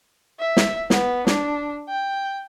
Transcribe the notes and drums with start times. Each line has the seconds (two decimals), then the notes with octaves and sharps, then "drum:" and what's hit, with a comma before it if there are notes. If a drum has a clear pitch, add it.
0.39 E5
0.57 drum: snare
0.90 B3, drum: snare
1.27 D4, drum: snare
1.89 G5